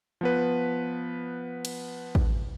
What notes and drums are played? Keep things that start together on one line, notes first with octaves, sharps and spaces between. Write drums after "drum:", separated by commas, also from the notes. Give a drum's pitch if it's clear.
F3 B3 B4
drum: cymbal
drum: kick A1